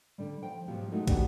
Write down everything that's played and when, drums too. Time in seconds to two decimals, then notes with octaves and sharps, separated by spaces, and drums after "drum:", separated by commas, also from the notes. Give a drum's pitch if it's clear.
0.18 D3 G3
0.42 F3 G5
0.68 G#2 B2 F3 F#3 F4 G4
0.91 F#3 G#3 A3 D#4 E4 F#4
1.07 G#2 B2 B3 D4 F#4 G4, drum: kick, hi-hat